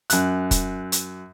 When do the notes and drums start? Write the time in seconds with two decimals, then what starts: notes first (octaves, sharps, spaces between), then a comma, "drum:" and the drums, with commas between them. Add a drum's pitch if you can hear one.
0.10 F#2 F#6, drum: hi-hat
0.51 drum: kick, hi-hat
0.92 drum: hi-hat